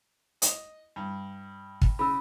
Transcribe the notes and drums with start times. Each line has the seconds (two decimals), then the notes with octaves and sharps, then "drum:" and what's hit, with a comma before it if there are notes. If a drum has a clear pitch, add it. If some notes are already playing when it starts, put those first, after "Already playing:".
0.42 D#5, drum: hi-hat
0.96 G2
1.82 drum: kick
1.99 C#3 B5 E6